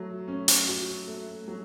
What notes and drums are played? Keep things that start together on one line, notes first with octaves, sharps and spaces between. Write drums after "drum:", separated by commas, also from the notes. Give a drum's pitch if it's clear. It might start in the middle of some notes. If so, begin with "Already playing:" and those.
Already playing: F#3 A3
C#4
drum: hi-hat
F#4
A3
F#3